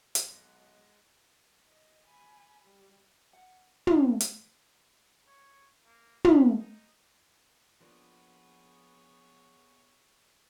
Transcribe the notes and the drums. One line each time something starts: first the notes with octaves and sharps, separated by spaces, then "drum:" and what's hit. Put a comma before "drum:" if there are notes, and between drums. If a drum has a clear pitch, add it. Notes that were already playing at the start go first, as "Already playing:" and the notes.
B1 G#3 D#4 F#5, drum: hi-hat
D#5
G#5 B5
G3
F#5
drum: tom
drum: hi-hat
C#5
A#3
B5, drum: tom
D#4
F3 A#3 B3 D4 G#4 C#5